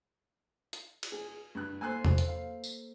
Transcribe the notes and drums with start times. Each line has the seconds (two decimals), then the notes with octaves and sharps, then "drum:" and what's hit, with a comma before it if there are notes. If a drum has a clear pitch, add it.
0.73 drum: hi-hat
1.03 drum: cymbal
1.12 G#4
1.55 G2 F#6
1.81 A#3 A4 C5 G#5 E6 F#6
2.05 drum: tom E2
2.18 drum: hi-hat
2.28 F5
2.64 drum: tambourine